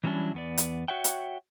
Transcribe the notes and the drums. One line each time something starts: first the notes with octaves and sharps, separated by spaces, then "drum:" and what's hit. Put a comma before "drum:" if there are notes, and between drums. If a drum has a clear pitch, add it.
E3 F#3 G3 C#4 D4 E4
E2 B3 D5
drum: hi-hat
F#4 C#5 E5 F#5 G5
drum: hi-hat